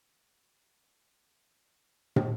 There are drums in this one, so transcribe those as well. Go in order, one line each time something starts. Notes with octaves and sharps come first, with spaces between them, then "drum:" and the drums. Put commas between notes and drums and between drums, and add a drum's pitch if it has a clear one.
G5
A#4 G5
F#5
drum: tom